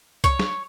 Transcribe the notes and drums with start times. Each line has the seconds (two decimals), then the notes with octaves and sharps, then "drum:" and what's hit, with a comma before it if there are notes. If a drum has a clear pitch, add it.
0.24 C#5, drum: kick C2, hi-hat
0.39 drum: snare